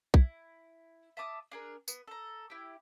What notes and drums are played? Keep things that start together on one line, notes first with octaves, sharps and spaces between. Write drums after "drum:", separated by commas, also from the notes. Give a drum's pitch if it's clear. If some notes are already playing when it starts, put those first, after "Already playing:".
E4, drum: kick B1
E5 A5 D6 D#6
D4 G#4 A#4
B3, drum: tambourine
A4 A#5
E4 G4